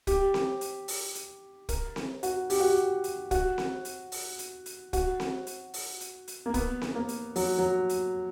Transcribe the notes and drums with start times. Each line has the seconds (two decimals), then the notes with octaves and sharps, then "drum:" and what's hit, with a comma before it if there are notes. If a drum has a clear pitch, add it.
0.07 G4, drum: kick, hi-hat
0.34 drum: snare C4
0.61 drum: hi-hat
0.88 drum: open hi-hat
1.15 drum: hi-hat
1.69 A#4, drum: kick, hi-hat
1.96 drum: snare C4
2.23 F#4, drum: hi-hat
2.50 G4, drum: open hi-hat
2.60 F#4
2.70 G4
3.04 drum: hi-hat
3.31 F#4, drum: kick, hi-hat
3.58 drum: snare C4
3.85 drum: hi-hat
4.12 drum: open hi-hat
4.39 drum: hi-hat
4.66 drum: hi-hat
4.93 F#4, drum: kick, hi-hat
5.20 drum: snare C4
5.47 drum: hi-hat
5.74 drum: open hi-hat
6.01 drum: hi-hat
6.28 drum: hi-hat
6.46 A#3
6.54 B3, drum: kick, hi-hat
6.82 drum: snare C4
6.95 A#3
7.08 drum: hi-hat
7.36 F#3, drum: open hi-hat
7.59 F#3
7.89 drum: hi-hat